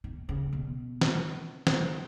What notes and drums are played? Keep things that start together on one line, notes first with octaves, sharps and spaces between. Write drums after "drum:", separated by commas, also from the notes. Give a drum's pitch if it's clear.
D#3
C#3
B2
drum: snare
drum: snare